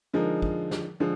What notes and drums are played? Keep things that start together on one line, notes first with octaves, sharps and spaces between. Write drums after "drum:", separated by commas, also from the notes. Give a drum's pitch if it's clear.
D3 F3 G#3 D#4 A#4
drum: kick
drum: snare
D3 F3 G#3